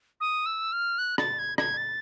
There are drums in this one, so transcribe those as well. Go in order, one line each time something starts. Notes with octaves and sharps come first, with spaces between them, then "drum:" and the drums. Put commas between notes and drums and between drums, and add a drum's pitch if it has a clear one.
D#6
E6
F6
F#6
A6, drum: rim click
G#6
G#6, drum: rim click
A6